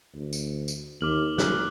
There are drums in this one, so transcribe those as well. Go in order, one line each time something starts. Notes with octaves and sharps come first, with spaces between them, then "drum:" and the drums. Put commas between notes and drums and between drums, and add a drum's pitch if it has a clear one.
D2
drum: tambourine
drum: tambourine
D#2 D6 F6 F#7
F#1 F6 F#6, drum: snare